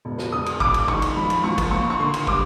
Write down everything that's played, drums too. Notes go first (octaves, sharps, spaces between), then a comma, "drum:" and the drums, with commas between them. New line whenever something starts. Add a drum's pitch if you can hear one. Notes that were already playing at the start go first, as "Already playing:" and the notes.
E1
drum: snare
E1 D#6
drum: cymbal
E1 D6, drum: kick
drum: cymbal
D#3 C#6, drum: kick
drum: cymbal
F3 B5
drum: cymbal
F3 C#6
drum: kick, cymbal
A#3 C#6
C#6
D3 C6
drum: cymbal
G3 D6, drum: kick